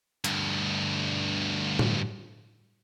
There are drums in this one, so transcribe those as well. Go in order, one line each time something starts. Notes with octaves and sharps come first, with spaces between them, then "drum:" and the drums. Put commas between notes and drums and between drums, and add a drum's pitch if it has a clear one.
D2 G2, drum: hi-hat
drum: tom A2